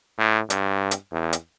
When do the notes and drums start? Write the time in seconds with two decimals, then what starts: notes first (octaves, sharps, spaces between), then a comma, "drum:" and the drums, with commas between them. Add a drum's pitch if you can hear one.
0.19 A2
0.50 G2, drum: hi-hat
0.91 drum: hi-hat
1.12 E2
1.33 drum: hi-hat